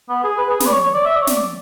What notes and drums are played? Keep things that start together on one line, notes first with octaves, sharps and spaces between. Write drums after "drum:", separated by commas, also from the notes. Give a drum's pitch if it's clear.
B3
G#4
B4
G#4
B4, drum: snare
D5
C#5
C#5
D5
E5
D5
C#5
D5, drum: snare